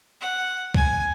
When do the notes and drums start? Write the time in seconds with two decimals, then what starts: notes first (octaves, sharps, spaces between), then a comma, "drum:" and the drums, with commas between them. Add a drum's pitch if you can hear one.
0.21 F#5
0.74 G#5, drum: kick C#2